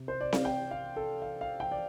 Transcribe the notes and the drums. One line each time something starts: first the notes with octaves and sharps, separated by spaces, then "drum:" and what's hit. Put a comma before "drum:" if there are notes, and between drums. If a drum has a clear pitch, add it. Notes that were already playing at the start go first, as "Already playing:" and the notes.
Already playing: C3
C5
D5
F5, drum: snare C4
G5
F5
A4
F5
F5
G5
D5